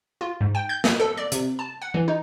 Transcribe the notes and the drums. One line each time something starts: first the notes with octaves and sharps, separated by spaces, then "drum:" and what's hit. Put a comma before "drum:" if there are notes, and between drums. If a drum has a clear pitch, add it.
F4
G#2
G5
G6
D#6, drum: snare
A4
D5
C3, drum: hi-hat
A5
F#5
E3
D#4